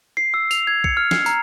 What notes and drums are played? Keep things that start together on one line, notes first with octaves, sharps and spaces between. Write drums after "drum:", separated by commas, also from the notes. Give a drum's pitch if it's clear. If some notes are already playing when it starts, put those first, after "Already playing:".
C7
E6
F7, drum: tambourine
G#6
C#7, drum: kick
F6
C7, drum: snare
A#5, drum: tambourine